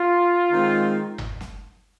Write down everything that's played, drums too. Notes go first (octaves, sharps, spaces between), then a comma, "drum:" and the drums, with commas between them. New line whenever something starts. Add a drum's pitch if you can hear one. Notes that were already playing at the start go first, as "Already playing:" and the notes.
Already playing: F4
D#3 G#3 C4
drum: tom G1
drum: snare